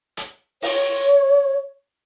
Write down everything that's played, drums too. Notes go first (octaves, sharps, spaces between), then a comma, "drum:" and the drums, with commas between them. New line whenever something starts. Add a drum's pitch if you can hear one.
drum: hi-hat
C#5, drum: open hi-hat